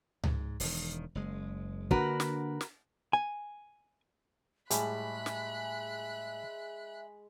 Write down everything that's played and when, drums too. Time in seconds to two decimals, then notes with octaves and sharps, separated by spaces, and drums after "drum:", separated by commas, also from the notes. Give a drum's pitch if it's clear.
0.24 G#2, drum: tom C#2
0.60 E1 D#3, drum: open hi-hat
1.15 F#1 G#3
1.91 D3 A#3 D4 F#4 A#4 B4, drum: kick
2.20 drum: snare
2.61 drum: snare
3.13 G#5
4.70 A2 G3 G#3 E5 B5 F#6, drum: hi-hat
5.26 drum: snare